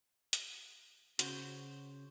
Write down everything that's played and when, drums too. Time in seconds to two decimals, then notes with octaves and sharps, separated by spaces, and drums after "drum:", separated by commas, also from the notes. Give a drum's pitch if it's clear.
0.33 drum: hi-hat
1.19 C#3 F#4 C5, drum: hi-hat